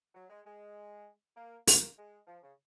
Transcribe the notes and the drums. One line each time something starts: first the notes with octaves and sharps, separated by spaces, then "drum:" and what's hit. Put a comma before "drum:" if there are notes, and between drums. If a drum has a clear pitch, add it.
F#3
G#3
G#3
A#3
A#3, drum: open hi-hat
G#3
F3
C#3